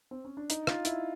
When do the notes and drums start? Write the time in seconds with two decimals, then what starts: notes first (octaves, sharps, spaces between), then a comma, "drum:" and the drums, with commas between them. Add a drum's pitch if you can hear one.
0.11 C4
0.25 C#4
0.37 D4
0.50 D#4, drum: hi-hat
0.67 F4, drum: rim click
0.85 E4, drum: hi-hat